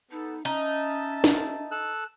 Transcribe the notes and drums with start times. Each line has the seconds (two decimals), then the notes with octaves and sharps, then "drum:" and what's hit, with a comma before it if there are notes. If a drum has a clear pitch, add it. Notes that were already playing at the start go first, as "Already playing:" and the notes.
0.11 B3 D#4 A4
0.45 C#4 D#4 E5 A5, drum: hi-hat
1.24 drum: snare
1.71 A4 E6 F#6